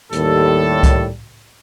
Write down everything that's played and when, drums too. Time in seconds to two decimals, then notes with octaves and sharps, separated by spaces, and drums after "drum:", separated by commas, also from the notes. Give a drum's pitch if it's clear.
0.13 D#2 A2 G3 A4, drum: hi-hat
0.83 drum: kick C2, hi-hat